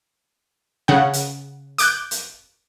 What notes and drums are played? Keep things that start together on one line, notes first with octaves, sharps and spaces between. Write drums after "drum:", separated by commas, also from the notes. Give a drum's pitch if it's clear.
C#3 F#5
drum: hi-hat
D6 F#6 G6, drum: hi-hat
drum: hi-hat